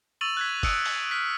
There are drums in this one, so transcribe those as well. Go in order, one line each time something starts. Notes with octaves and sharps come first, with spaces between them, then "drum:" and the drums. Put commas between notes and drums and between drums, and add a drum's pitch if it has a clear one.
C#6 E6 A6 D#7 F7 F#7
F#6 G#6 B6
D#6 E6 C#7 D7, drum: kick, open hi-hat
drum: open hi-hat
F6 B6